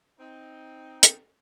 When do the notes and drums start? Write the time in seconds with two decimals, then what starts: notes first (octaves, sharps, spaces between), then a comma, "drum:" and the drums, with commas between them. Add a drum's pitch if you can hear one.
0.20 C4 D#4
1.03 drum: hi-hat